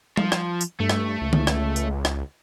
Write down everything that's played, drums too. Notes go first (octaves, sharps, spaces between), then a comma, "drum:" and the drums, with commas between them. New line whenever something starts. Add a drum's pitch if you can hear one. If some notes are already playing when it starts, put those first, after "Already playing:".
F3, drum: tom G3
drum: rim click
drum: tambourine
G2 A3
drum: rim click
C#2
drum: tom
drum: rim click
drum: tambourine
drum: rim click